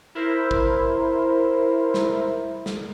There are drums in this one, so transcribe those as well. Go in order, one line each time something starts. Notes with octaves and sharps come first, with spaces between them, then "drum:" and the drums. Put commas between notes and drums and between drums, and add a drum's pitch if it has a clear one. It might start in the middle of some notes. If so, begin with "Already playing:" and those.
E4 A#4 C5
drum: kick
drum: snare
drum: snare